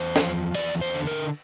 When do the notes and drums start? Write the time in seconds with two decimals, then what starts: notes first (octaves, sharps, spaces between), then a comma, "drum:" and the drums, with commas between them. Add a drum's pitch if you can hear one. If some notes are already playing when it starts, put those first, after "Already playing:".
Already playing: E2 C5
0.16 F3, drum: snare
0.54 E2 D5, drum: cymbal
0.81 C5
0.94 D3
1.07 A#4